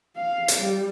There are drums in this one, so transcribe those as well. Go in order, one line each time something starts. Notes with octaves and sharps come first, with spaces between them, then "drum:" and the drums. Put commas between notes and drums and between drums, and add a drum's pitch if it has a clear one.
F5
drum: hi-hat
G3